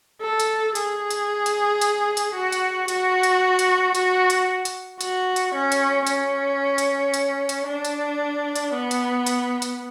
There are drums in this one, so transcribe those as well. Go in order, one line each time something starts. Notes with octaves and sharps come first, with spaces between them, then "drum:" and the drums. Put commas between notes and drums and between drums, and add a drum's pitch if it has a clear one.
A4
drum: hi-hat
G#4, drum: hi-hat
drum: hi-hat
drum: hi-hat
drum: hi-hat
drum: hi-hat
F#4
drum: hi-hat
F#4, drum: hi-hat
drum: hi-hat
drum: hi-hat
F#4, drum: hi-hat
drum: hi-hat
drum: hi-hat
F#4, drum: hi-hat
drum: hi-hat
C#4
drum: hi-hat
C#4, drum: hi-hat
drum: hi-hat
drum: hi-hat
drum: hi-hat
D4
drum: hi-hat
drum: hi-hat
B3
drum: hi-hat
drum: hi-hat
drum: hi-hat